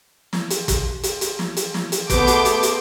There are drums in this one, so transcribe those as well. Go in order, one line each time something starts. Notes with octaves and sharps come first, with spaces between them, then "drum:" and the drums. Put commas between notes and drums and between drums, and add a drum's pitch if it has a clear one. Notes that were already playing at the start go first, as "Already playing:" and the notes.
drum: snare
drum: hi-hat
drum: kick, hi-hat
drum: hi-hat
drum: hi-hat
drum: snare
drum: hi-hat
drum: snare
drum: hi-hat
A3 B3 C6 D6 G6 D7, drum: kick, hi-hat
drum: hi-hat
drum: hi-hat
drum: hi-hat